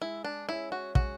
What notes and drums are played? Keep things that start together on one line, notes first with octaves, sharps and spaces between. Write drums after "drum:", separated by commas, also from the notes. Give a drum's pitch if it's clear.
G#3 E4
D4
C#4 E4 G#4 C#5 E5
F#4
G#3 F#4, drum: kick